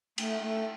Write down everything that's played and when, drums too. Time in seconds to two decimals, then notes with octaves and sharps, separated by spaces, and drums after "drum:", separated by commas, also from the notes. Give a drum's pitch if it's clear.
0.18 A3, drum: cymbal
0.41 A3